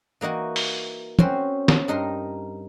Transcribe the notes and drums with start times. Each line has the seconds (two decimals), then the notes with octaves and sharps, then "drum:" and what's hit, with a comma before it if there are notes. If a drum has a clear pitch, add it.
0.21 E3 A#3 D#4 F#4 F#5
0.56 drum: open hi-hat
1.19 C4 C#4 F#4 C5, drum: tom
1.68 drum: snare
1.88 G2 D#4 A#4 C6